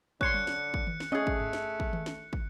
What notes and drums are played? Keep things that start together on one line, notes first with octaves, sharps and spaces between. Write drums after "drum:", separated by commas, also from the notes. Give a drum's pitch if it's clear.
D3 C#5 C6 F#6 C#7, drum: kick
drum: tom F#3
drum: snare
drum: kick
drum: tom D#3
drum: snare
A3 C#4 G#4 D#5
drum: kick
drum: tom G2
drum: snare
drum: kick
drum: tom D#3
drum: snare
drum: kick